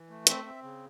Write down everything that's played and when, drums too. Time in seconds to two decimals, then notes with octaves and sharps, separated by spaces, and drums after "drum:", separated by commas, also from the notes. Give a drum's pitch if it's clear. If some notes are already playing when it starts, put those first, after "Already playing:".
Already playing: E3
0.09 A3
0.27 C4 E5, drum: hi-hat
0.45 C4
0.63 C#3